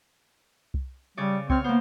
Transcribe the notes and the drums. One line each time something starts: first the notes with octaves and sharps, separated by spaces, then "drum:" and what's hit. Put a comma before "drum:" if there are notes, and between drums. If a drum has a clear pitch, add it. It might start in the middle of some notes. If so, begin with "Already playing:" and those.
drum: kick C2
C#3 G3 C#5 D5
C4 C#5 F6, drum: kick C2
A#3 B3 C5